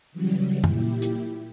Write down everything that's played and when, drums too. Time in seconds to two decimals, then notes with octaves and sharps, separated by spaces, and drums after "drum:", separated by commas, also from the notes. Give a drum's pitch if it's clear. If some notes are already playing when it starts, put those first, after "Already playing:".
0.12 C#3 E3 F#3 G3
0.64 A#2 E4 G4, drum: tom F#2
1.02 drum: hi-hat